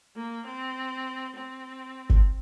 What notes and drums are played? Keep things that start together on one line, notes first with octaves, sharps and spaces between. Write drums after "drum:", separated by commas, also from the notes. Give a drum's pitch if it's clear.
A#3
C4
C4
drum: kick G1